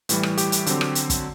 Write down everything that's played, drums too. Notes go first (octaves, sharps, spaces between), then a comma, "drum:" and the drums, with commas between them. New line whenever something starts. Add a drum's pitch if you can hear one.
A2 E3 G3, drum: hi-hat
drum: rim click
G4, drum: hi-hat
drum: hi-hat
D3 F#3 C4, drum: hi-hat
drum: rim click
drum: hi-hat
drum: kick, hi-hat